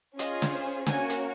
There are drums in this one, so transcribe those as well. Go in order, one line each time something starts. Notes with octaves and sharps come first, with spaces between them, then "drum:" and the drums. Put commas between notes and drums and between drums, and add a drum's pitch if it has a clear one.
C#4 F4 G#4 D#5, drum: hi-hat
drum: snare
C5
A#3 C#4 F#4 G#5, drum: snare
drum: hi-hat